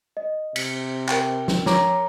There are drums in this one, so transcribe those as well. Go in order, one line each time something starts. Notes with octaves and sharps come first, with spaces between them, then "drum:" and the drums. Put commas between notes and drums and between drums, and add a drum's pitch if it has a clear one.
D#5
C3 B6 C#7, drum: cymbal
A#4 G5, drum: clap
drum: snare
C#5 A#5 D6, drum: snare